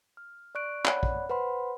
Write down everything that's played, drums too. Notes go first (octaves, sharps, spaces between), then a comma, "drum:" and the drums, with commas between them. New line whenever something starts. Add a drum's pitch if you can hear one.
F6
D5 C#6 F#6 D7
C#5 D5 F#5 B5 F#6, drum: clap
drum: kick
B4 C5 F#5 B5 C6